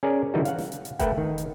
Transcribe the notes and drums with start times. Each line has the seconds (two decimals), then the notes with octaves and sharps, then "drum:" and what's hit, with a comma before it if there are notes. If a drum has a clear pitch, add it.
0.03 C#4 G#4 A#4 D5
0.34 D3 E3 G3 D#4 F#4
0.45 F5 F#5, drum: hi-hat
0.58 drum: snare
0.72 drum: hi-hat
0.85 drum: hi-hat
0.99 A3 A#4 B4 E5 F#5 G5, drum: kick F1, hi-hat
1.18 D#3
1.38 drum: hi-hat